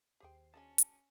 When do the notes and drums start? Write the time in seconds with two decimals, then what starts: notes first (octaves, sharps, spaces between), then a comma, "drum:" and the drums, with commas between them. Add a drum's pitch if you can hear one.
0.20 D#2 G4 G#4 C5 G5 C7
0.54 F#3 G#3 C#4 D4 A5
0.78 drum: hi-hat